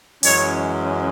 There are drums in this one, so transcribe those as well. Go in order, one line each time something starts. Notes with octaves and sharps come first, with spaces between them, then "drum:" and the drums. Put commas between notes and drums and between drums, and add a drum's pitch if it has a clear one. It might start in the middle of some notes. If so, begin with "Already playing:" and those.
F#2 E3 G#3 C#4 C#5, drum: open hi-hat